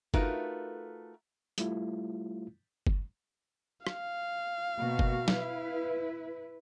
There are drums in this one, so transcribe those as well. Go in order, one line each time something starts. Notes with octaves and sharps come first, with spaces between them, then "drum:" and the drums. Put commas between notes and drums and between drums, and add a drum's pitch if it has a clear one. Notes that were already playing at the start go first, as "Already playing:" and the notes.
A3 D#4 F4 F#4 A#4 B4, drum: kick G1
G3 A3 E4 F4, drum: hi-hat
drum: kick G1
F5, drum: rim click
B2 A#3 F#4
drum: kick G1
E4 B4, drum: snare